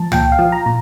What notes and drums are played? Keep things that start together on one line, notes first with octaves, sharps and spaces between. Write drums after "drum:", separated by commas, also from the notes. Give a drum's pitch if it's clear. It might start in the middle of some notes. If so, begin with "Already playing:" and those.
Already playing: F3 A5
A#2 G5, drum: tom
F5
F3
A#5
A#2